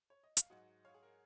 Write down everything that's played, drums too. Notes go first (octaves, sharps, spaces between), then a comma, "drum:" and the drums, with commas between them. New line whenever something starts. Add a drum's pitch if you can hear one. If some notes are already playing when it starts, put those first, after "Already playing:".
C#5
D#5
F5, drum: hi-hat
G#2 F#3 D#5 F#5
C#5 F5
G#4
A#4